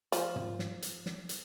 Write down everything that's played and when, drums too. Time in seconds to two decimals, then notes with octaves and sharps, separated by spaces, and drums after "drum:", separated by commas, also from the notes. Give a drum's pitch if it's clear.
0.12 F3, drum: hi-hat
0.36 drum: tom
0.59 drum: snare
0.82 drum: hi-hat
1.06 drum: snare
1.29 drum: hi-hat